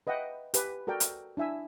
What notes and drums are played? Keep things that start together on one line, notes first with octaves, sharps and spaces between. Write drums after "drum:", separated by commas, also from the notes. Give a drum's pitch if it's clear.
B4 D#5 E5 F#5 G5
G4 B4 G#5, drum: hi-hat
F#4 A4 A#4 D5 G5
drum: hi-hat
D4 E4 E5 G#5 E6